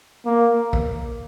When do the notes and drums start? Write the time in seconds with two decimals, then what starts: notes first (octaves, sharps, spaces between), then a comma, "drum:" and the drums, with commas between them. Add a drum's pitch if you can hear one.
0.26 A#3
0.73 drum: kick A#1